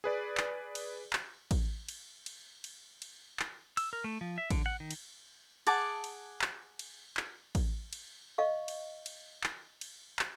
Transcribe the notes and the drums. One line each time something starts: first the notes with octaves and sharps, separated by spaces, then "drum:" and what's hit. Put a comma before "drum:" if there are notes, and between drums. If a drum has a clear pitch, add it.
G#4 B4 D5
drum: clap
drum: cymbal
drum: clap
drum: kick A1, cymbal
drum: cymbal
drum: cymbal
drum: cymbal
drum: cymbal
drum: clap
E6, drum: cymbal
A#4
A3
F3
E5
D3, drum: kick A1, cymbal
F#5
D#3
drum: cymbal
G#4 F#5 A5 D6, drum: cymbal
drum: cymbal
drum: clap
drum: cymbal
drum: clap
drum: kick A1, cymbal
drum: cymbal
D#5 F5 C#6
drum: cymbal
drum: cymbal
drum: clap
drum: cymbal
drum: clap